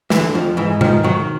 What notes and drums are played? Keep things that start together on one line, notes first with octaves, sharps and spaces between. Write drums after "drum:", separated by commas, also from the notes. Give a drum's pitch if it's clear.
D3 E3, drum: snare
F2 F3
G#2 E3
D#3 F3, drum: tom B2
D#3 F#3